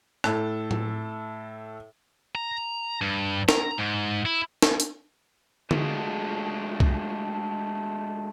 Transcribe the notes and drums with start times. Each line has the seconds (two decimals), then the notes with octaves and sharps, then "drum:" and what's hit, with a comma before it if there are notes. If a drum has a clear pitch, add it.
0.24 A2 A4, drum: rim click
0.71 drum: tom A2
2.35 A#5
3.01 G2
3.49 A#5, drum: snare
3.78 G#2
4.25 E4
4.62 drum: snare
4.80 drum: hi-hat
5.71 G#3 A3 D4 F4 F#4 G#4, drum: tom D3
6.80 drum: kick